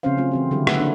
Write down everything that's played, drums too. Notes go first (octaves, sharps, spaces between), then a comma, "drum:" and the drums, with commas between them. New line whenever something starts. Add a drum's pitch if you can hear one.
C#3 F3 C4 C#4 C5 F5
F#3 A3 C4 F4
E3 C4 F#4
D3 F#3 G3 E4 G4
A3 D#4 G#4 B4 E5 F#5, drum: rim click
A#3 D4 C#5